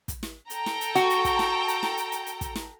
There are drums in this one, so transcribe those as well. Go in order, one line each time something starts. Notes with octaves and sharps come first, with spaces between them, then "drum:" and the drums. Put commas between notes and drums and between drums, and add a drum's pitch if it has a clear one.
drum: kick, hi-hat
drum: snare
A4 G5 A#5, drum: hi-hat
drum: snare
drum: hi-hat
F#4, drum: hi-hat
drum: hi-hat
drum: kick, hi-hat
drum: snare
drum: hi-hat
drum: snare
drum: hi-hat
drum: hi-hat
drum: hi-hat
drum: kick, hi-hat
drum: snare